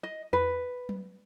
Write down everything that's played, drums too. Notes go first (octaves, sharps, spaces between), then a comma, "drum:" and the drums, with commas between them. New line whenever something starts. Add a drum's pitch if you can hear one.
D#5
B4, drum: tom E2
drum: tom F#3